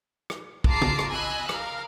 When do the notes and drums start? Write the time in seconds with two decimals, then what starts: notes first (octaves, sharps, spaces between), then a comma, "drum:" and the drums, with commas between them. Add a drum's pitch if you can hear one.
0.30 drum: rim click
0.64 F4 G#4 A5 A#5 D6 C7, drum: kick
0.82 drum: tom
0.99 drum: rim click
1.09 D#5 G#5 B5 E6 F#6
1.49 A#4 F5, drum: rim click